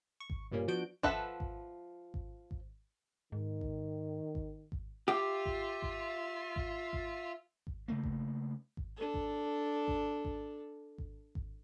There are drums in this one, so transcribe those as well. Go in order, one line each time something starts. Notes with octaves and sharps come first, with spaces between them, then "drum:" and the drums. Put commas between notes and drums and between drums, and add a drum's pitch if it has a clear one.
C#6
drum: kick G#1
G2 A#2 G3 A#3 C#4
F3 B3 D4 F#4 G6 D7
F3 A4 B4 E5 F#5, drum: kick G#1
drum: kick G#1
drum: kick G#1
drum: kick G#1
G#2 D#3
drum: kick G#1
drum: kick G#1
drum: kick G#1
F4 G4 E5
drum: kick G#1
drum: kick G#1
drum: kick G#1
drum: kick G#1
drum: kick G#1
C#3 A3 A#3
drum: kick G#1
drum: kick G#1
D4 A4
drum: kick G#1
drum: kick G#1
drum: kick G#1
drum: kick G#1
drum: kick G#1